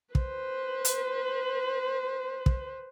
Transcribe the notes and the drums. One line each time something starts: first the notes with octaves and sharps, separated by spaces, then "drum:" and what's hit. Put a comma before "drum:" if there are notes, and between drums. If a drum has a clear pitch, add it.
B4 C5, drum: kick
drum: hi-hat
drum: kick